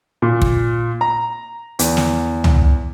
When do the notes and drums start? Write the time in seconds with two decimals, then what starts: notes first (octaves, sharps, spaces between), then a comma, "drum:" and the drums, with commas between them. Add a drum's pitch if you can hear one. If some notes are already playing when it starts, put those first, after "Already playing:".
0.22 A#2
0.42 drum: kick
1.01 A#5
1.79 E2, drum: hi-hat
1.97 drum: snare
2.44 drum: tom C#2